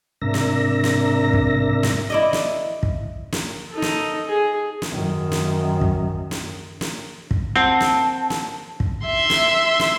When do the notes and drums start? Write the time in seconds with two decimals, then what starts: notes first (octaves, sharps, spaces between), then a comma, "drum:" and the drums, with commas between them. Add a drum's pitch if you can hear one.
0.22 G#2 C3 D4 A#4 E5 A#6
0.34 drum: snare
0.84 drum: snare
1.33 drum: kick
1.83 drum: snare
2.10 E4 D5 D#5
2.33 drum: snare
2.83 drum: kick
3.32 drum: snare
3.71 D#4 A4
3.82 drum: snare
4.27 G#4
4.82 drum: snare
4.92 F#2 D#3
5.32 drum: snare
5.81 drum: kick
6.31 drum: snare
6.81 drum: snare
7.31 drum: kick
7.56 C4 F#5 A5
7.80 drum: snare
8.30 drum: snare
8.80 drum: kick
9.06 E5 C6
9.30 drum: snare
9.80 drum: snare